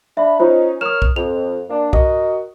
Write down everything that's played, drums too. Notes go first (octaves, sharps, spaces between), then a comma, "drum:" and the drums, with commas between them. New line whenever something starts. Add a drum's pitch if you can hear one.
D4 E5 B5
C#4 D#4 F4 C5
A#4 C#5 D#6 F6 E7
drum: kick B1
F2 F7
A#3 D4
F#4 A#4 D#5, drum: kick B1